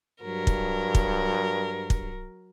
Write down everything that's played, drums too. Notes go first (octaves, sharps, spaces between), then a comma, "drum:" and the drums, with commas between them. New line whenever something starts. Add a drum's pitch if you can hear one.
G2 F#3 A#4
drum: kick
drum: kick
drum: kick